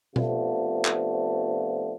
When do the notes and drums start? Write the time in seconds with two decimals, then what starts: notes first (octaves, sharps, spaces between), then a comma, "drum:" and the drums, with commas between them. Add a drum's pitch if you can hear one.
0.16 C3 F3 A3 B3 D4 F4, drum: tom B2
0.85 drum: clap